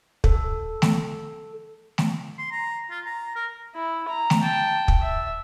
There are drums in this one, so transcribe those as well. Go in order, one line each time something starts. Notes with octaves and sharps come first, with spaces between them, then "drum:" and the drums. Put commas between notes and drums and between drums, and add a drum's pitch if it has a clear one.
A4, drum: kick
drum: snare A3
drum: snare A3
C6
A#5
F4
A#5
A#4
E4
A#5
drum: snare A3
G5 A5
drum: kick
E5